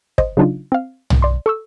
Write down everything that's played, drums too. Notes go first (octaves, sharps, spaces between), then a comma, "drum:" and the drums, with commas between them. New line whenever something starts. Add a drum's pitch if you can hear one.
C5 D#5, drum: kick
C#3 F#3 D4 D#4 F4
C4 F5
drum: tom
D5 C6
A4 C#6 E6